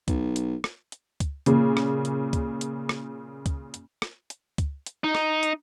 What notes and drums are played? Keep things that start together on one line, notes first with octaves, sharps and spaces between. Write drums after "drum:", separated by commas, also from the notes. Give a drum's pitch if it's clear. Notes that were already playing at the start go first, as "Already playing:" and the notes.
B1, drum: kick C#2, hi-hat
drum: hi-hat
drum: rim click
drum: hi-hat
drum: kick C#2, hi-hat
A#2 C#3, drum: hi-hat
drum: rim click
drum: hi-hat
drum: kick C#2, hi-hat
drum: hi-hat
drum: rim click
drum: kick C#2, hi-hat
drum: hi-hat
drum: rim click
drum: hi-hat
drum: kick C#2, hi-hat
drum: hi-hat
D#4
drum: rim click
drum: hi-hat